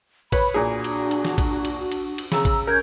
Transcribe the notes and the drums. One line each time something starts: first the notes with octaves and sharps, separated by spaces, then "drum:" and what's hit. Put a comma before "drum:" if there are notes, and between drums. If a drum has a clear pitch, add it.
B4 C#5 B5, drum: kick A1, cymbal
A#2 D4 F#4 G#4
drum: cymbal
drum: cymbal
drum: snare
drum: kick A1, cymbal
drum: cymbal
drum: cymbal
drum: cymbal
C#3 A#5 E6, drum: snare
drum: kick A1, cymbal
C#4 A#4 G6 G#6